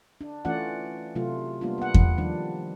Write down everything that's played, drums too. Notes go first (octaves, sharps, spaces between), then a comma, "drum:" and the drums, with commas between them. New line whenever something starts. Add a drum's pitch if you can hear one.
D4
E3 A3 C#4 F4 D5 F#5
C3 F#3 A3 F4
G3 A#3 B3 D4 F4
B3 F#5
drum: kick E2
D#3 F3 G3 D4